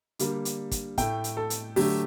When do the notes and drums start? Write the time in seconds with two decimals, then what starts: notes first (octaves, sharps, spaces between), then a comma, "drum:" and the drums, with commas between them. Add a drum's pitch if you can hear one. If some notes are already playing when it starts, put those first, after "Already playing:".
0.19 D3 G3 A#3, drum: hi-hat
0.45 drum: hi-hat
0.71 drum: kick, hi-hat
0.98 A2 A3 G5, drum: kick, hi-hat
1.24 drum: hi-hat
1.37 A4
1.50 drum: hi-hat
1.76 D3 F#3 A3 G4, drum: open hi-hat